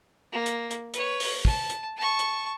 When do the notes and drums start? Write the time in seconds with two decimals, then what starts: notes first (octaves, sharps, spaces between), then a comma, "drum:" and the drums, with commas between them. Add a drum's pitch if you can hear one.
0.32 A#3
0.46 drum: hi-hat
0.71 drum: hi-hat
0.94 B4 C#5, drum: hi-hat
1.20 drum: open hi-hat
1.45 A5, drum: kick
1.70 drum: hi-hat
1.97 A5 C#6
2.19 drum: hi-hat